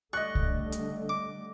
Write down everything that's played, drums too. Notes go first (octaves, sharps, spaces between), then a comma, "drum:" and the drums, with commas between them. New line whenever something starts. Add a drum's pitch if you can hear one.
D3 G3 A3 D5 D#5 C#6 F#6
drum: kick C2
drum: hi-hat
D6